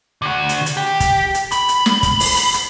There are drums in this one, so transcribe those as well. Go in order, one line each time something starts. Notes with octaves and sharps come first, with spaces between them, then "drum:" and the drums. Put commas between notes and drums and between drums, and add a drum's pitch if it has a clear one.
D3 F#4
drum: hi-hat
drum: hi-hat
G4
drum: kick, hi-hat
drum: hi-hat
B5, drum: hi-hat
drum: hi-hat
drum: snare
drum: kick, hi-hat
drum: open hi-hat
drum: hi-hat
drum: hi-hat